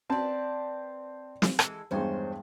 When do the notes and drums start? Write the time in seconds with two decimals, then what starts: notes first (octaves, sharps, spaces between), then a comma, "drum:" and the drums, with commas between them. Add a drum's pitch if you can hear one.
0.10 C4 B4 D5 A5
1.42 drum: snare
1.59 E3 G#3 A4, drum: rim click
1.91 E2 G2 D#3 G#3 C#4 C5